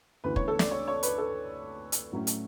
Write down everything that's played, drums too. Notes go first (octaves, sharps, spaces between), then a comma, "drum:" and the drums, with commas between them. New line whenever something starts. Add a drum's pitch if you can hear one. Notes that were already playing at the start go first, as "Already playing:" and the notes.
D2 C#3 E3 B3 B4
C#5, drum: kick
A4
D5, drum: snare
C#5
C#5
B4, drum: hi-hat
A4
drum: hi-hat
A2 F#3 A3 C#4
drum: hi-hat